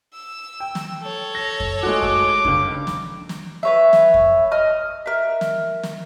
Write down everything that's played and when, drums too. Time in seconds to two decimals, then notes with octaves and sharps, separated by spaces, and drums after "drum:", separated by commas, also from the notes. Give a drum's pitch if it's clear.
0.14 E6
0.60 G5
0.75 drum: snare
1.02 A4 C#5
1.35 A#6
1.60 drum: kick F2
1.83 G#3 A3 F#4 D6
2.02 drum: kick F2
2.45 C#2 G2, drum: kick F2
2.87 drum: snare
3.29 drum: snare
3.63 B4 C#5 E5
3.93 drum: snare
4.14 drum: kick F2
4.52 D#5 D#6 F6
5.06 A#4 E5
5.41 drum: snare
5.83 drum: snare